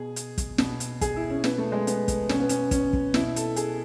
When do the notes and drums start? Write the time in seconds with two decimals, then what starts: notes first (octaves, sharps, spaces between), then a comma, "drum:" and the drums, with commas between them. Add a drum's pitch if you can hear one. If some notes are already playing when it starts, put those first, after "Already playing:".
Already playing: B2 G#4
0.16 drum: hi-hat
0.38 drum: kick, hi-hat
0.58 B2, drum: snare
0.80 drum: hi-hat
1.01 G#4, drum: kick, hi-hat
1.16 E4
1.30 C#4
1.44 B2 B3, drum: snare
1.58 A3
1.72 G#3
1.87 B3, drum: hi-hat
2.08 drum: kick, hi-hat
2.29 B2 C#4, drum: snare
2.40 B3
2.49 C#4, drum: hi-hat
2.71 C#4, drum: kick, hi-hat
2.93 drum: kick
3.14 B2 E4, drum: snare
3.36 A4, drum: hi-hat
3.56 G#4, drum: hi-hat